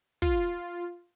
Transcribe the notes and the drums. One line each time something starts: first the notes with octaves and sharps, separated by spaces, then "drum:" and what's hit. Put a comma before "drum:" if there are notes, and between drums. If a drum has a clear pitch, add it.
F4, drum: kick
drum: hi-hat